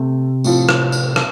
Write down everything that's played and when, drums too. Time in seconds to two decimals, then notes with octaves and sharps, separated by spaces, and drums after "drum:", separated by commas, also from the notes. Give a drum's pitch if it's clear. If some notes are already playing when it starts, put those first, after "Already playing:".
Already playing: C3 A3
0.44 A2 F3 C4, drum: tambourine
0.69 drum: rim click
0.92 drum: tambourine
1.16 drum: rim click